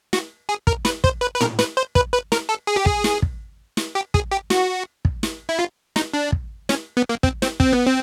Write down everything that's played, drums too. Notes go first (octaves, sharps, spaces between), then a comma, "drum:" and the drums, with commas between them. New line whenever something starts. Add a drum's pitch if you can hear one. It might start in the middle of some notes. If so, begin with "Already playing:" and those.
F#4, drum: snare
G#4
A#4, drum: kick
B4, drum: snare
C5, drum: kick
B4
B4
A#4, drum: tom
B4, drum: snare
C5
B4, drum: kick
B4
A#4, drum: snare
A4
G#4
G4
G#4, drum: kick
drum: snare
drum: kick
drum: snare
G4
G#4, drum: kick
G4
F#4, drum: snare
drum: kick
drum: snare
E4
F4
D#4, drum: snare
D4
drum: kick
C#4, drum: snare
B3
A#3
C4, drum: kick
C4, drum: snare
C4, drum: kick
B3
C4